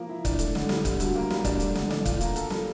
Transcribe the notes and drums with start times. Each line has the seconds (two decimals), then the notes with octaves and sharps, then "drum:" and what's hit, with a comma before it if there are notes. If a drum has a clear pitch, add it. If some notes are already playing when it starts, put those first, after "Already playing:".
Already playing: F3 A#3
0.09 E4
0.25 D4, drum: kick, hi-hat
0.39 A3, drum: hi-hat
0.55 D3, drum: snare
0.69 G3, drum: snare
0.85 D3, drum: kick, hi-hat
1.00 D2, drum: hi-hat
1.15 A#3
1.30 G3, drum: snare
1.45 D4, drum: kick, hi-hat
1.60 A3, drum: hi-hat
1.75 D3, drum: snare
1.90 D4, drum: snare
2.05 F4, drum: kick, hi-hat
2.21 A#3, drum: hi-hat
2.36 A4, drum: hi-hat
2.50 G3, drum: snare